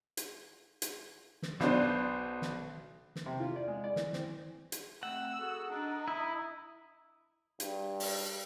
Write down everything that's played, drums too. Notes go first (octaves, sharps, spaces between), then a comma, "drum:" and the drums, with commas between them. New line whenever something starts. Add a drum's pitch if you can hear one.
drum: hi-hat
drum: hi-hat
drum: snare
B1 B3 D4 C5, drum: snare
drum: snare
drum: snare
C3
F4
D5
G#3
D5
E3, drum: snare
C4, drum: snare
drum: hi-hat
A3 C4 F#5 E6
F#4 G#4 A4
D4 D#4
E4 D#6
G2, drum: hi-hat
drum: open hi-hat